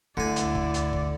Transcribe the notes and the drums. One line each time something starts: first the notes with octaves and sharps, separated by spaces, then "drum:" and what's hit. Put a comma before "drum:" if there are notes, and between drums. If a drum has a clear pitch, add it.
D2 D3 E4 D5 G#5
drum: hi-hat
drum: kick
drum: hi-hat
drum: kick